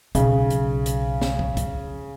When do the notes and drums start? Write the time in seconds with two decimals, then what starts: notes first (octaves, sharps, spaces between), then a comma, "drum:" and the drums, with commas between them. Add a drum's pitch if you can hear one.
0.15 B1 C#3, drum: kick, hi-hat
0.50 drum: hi-hat
0.86 drum: hi-hat
1.21 drum: snare
1.39 drum: kick
1.57 drum: kick, hi-hat